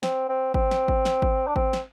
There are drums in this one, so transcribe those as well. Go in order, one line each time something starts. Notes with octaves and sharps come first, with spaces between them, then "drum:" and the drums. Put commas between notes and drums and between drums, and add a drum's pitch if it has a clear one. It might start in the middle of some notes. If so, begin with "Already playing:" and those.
C4, drum: snare
C4
C4, drum: kick G#1
drum: snare
drum: kick G#1
drum: snare
drum: kick G#1
D4
C4, drum: kick G#1
drum: snare